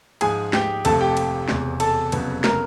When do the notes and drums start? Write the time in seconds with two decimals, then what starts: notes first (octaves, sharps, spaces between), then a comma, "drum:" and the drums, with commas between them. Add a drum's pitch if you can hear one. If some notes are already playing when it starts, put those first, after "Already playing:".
0.21 G#2 F3 G#3 G#4 G#5, drum: cymbal
0.53 G4 G5, drum: snare
0.85 F1 F2 C3 F3 A3 A4 A5, drum: cymbal
1.01 G4 G5
1.17 drum: cymbal
1.49 E1 E2 C3, drum: snare
1.80 A4 A5, drum: cymbal
2.12 F1 F2 C#3 F#3 B3, drum: cymbal
2.44 A#4 A#5, drum: snare